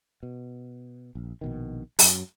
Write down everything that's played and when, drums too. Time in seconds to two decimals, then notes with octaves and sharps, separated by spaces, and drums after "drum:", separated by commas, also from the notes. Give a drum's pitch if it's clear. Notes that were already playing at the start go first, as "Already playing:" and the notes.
0.23 B2
1.15 A#1
1.41 A#1 B2 D#3
1.99 F#2 F#3, drum: open hi-hat